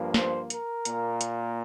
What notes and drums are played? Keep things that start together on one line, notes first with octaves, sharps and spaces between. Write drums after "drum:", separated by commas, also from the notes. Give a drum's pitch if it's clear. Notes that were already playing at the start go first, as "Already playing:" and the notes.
Already playing: G2 F3 A#3
C5, drum: snare
A#4, drum: hi-hat
A#2 A#3, drum: hi-hat
drum: hi-hat